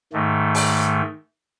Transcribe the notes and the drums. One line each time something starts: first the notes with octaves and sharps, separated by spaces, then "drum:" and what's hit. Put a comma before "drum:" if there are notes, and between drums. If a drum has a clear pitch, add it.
G#2 D#3 A3
drum: open hi-hat